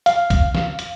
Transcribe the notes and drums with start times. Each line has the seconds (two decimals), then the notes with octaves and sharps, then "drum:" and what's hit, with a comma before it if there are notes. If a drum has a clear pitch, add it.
0.06 F5, drum: hi-hat
0.30 drum: kick B1, hi-hat
0.55 drum: snare
0.79 drum: hi-hat